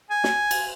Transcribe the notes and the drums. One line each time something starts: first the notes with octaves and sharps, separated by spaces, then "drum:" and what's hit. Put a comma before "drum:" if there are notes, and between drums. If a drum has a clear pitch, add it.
G#5
drum: snare
drum: cymbal